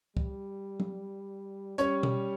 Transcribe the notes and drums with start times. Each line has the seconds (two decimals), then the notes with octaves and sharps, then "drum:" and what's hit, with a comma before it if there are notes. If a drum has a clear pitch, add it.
0.17 G3, drum: kick
0.80 drum: tom
1.78 G3 C#4 C#5, drum: hi-hat
2.03 drum: tom B2